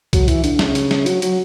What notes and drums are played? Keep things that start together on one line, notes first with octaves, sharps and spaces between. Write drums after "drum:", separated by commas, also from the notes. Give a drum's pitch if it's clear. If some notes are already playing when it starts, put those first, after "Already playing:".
F#3, drum: kick C2, hi-hat
E3, drum: hi-hat
D3, drum: hi-hat
C#3, drum: snare
drum: hi-hat
drum: snare
F#3, drum: hi-hat
F#3, drum: hi-hat